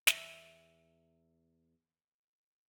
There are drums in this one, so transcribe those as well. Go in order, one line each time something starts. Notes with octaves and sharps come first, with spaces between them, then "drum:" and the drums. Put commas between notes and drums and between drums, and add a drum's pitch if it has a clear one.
E2 E5, drum: snare